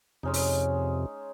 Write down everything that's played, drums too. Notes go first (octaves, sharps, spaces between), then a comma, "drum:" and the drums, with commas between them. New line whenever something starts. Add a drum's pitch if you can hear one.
F2 C3 G#3 C#4 D#4
drum: open hi-hat